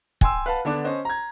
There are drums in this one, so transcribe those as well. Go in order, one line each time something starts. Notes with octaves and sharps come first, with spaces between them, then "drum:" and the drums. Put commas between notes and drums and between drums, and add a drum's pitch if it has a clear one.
G5 G#5 C6 E6, drum: kick
B4 F5 F#5 A5
D3 B3 D4
C#4 C5 D#5
A#5 G#6